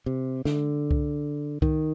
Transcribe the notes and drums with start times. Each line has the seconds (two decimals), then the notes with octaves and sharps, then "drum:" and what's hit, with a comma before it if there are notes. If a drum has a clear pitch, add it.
0.06 C3
0.45 D3, drum: snare
0.91 drum: kick C2
1.62 D#3, drum: kick C2